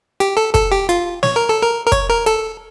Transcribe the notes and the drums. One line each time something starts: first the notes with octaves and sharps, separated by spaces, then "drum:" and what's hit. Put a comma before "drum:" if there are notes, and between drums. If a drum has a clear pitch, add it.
G4, drum: hi-hat
A4
A4, drum: kick, hi-hat
G4
F4, drum: hi-hat
C#5, drum: snare
A#4
A4
A#4
A#4
C#5, drum: kick, hi-hat
A#4
A4, drum: hi-hat